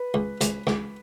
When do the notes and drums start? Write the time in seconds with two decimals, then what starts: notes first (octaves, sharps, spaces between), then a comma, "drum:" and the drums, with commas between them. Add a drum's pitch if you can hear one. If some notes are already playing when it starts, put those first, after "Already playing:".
Already playing: B4
0.14 C#2
0.41 C#2, drum: hi-hat
0.67 C#2, drum: rim click